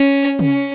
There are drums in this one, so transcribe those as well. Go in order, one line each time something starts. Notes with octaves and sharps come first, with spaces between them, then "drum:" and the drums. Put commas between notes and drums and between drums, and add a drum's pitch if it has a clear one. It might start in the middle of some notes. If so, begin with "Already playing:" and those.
Already playing: C#4
C#4, drum: tom